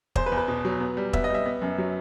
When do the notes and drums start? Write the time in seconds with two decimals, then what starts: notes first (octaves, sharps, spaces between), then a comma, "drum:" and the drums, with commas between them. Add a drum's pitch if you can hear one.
0.16 E2 C5, drum: kick
0.26 B4
0.32 E2
0.37 B4
0.48 B2
0.65 F#3
0.80 B3
0.97 G3
1.13 B3 E5, drum: kick
1.24 D#5
1.30 G3 E5
1.46 B3
1.62 F#2
1.78 F#3